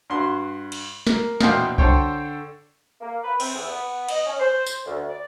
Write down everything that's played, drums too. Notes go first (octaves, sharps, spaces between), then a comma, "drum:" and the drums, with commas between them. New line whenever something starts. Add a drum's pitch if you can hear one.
G2 F#4 C6
drum: cymbal
A#3, drum: snare
A#1 E2 B2 F5 G5 C6, drum: snare
D3 A4 C5 C#5 G5, drum: kick C2
A#3
B4
C4, drum: cymbal
E2
B3
D#5, drum: cymbal
C#4
C5
drum: tambourine
D2
D5